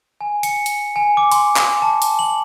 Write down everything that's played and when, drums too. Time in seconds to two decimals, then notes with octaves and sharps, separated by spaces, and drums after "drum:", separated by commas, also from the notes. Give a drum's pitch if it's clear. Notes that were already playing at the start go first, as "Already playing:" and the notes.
0.21 G#5
0.43 C#7, drum: hi-hat
0.66 drum: hi-hat
0.96 G#5
1.17 D6
1.32 C6, drum: hi-hat
1.56 drum: clap
1.82 A5
2.02 drum: hi-hat
2.19 F#7